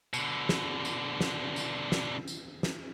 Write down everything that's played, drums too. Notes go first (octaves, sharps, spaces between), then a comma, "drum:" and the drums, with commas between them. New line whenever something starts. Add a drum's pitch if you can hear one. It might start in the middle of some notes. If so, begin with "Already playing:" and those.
B2 D3, drum: tambourine
drum: snare
drum: tambourine
drum: snare
drum: tambourine
drum: snare
drum: tambourine
drum: snare